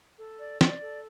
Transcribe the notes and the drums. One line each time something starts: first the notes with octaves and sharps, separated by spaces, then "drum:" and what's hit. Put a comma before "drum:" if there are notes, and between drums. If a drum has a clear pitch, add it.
A4
D5
D5, drum: snare
A4